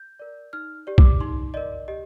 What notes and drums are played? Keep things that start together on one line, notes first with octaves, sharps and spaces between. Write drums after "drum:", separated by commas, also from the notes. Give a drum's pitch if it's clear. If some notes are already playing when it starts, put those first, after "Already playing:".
Already playing: G6
A#4 D5
D#4 F6
G4 D5
D6, drum: kick B1
D#4 C6
A#4 D5 D#5
G4 D#5